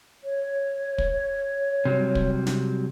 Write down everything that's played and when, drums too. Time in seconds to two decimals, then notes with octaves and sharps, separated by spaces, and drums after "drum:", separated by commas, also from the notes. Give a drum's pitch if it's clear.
0.23 C#5
0.98 drum: kick
1.85 C3 F#3 G3
2.15 drum: kick
2.47 drum: snare